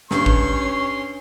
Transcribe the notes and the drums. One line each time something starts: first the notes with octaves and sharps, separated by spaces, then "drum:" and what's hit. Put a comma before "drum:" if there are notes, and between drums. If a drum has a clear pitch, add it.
G2 C#4 C6 C#6, drum: snare
drum: kick